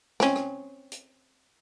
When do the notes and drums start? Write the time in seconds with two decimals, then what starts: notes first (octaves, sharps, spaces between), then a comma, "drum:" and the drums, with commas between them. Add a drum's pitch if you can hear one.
0.20 C4 C#4, drum: snare
0.36 drum: rim click
0.92 drum: hi-hat